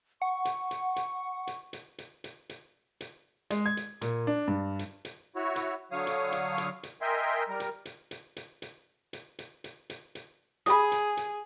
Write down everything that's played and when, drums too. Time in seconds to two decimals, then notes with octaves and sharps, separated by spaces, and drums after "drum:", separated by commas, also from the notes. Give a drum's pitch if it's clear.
0.22 F#5 C#6
0.45 drum: hi-hat
0.71 drum: hi-hat
0.96 drum: hi-hat
1.47 drum: hi-hat
1.73 drum: hi-hat
1.98 drum: hi-hat
2.24 drum: hi-hat
2.49 drum: hi-hat
3.01 drum: hi-hat
3.50 G#3, drum: hi-hat
3.66 G#6
3.77 drum: hi-hat
4.02 A#2, drum: hi-hat
4.27 D4
4.48 G2
4.79 drum: hi-hat
5.05 drum: hi-hat
5.36 E4 F#4 C#5
5.56 drum: hi-hat
5.92 D3 F#3 C#5 F5 D#6
6.07 drum: hi-hat
6.32 drum: hi-hat
6.58 drum: hi-hat
6.83 drum: hi-hat
7.01 A#4 D#5 E5 G5 G#5 C6
7.48 G3 A#4
7.60 drum: hi-hat
7.85 drum: hi-hat
8.11 drum: hi-hat
8.37 drum: hi-hat
8.62 drum: hi-hat
9.13 drum: hi-hat
9.39 drum: hi-hat
9.64 drum: hi-hat
9.90 drum: hi-hat
10.15 drum: hi-hat
10.66 G#4 B5 D#6, drum: hi-hat
10.92 drum: hi-hat
11.17 drum: hi-hat